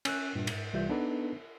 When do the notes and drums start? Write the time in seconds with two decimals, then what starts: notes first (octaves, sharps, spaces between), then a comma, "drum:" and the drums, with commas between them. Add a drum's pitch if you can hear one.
0.05 C#4 E6 F#6, drum: cymbal
0.35 G2 A#2
0.47 G#2, drum: cymbal
0.73 C2 E3 G3 F4 E5 G6
0.89 B3 D4 D#4 A4 B4